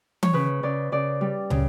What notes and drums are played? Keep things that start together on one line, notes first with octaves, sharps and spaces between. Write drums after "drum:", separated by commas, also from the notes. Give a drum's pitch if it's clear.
C#5, drum: tom E3
C#3 B4
C#3 D5
C#3 D5
G3
C#3, drum: tom